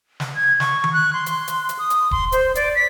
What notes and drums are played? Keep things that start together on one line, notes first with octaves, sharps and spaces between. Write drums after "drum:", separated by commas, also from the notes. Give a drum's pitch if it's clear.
drum: snare
G#6
C#6, drum: snare
drum: tom D#3
F#6
C6
drum: hi-hat
drum: hi-hat
drum: hi-hat
D#6
drum: hi-hat
C6, drum: kick D#1
C5, drum: hi-hat
D5, drum: hi-hat
B6